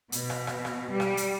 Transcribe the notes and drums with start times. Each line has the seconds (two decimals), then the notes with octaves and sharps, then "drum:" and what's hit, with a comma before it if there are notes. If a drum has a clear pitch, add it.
0.12 B2, drum: hi-hat
0.30 drum: rim click
0.47 drum: rim click
0.65 drum: rim click
0.90 G3
1.00 drum: rim click
1.17 drum: hi-hat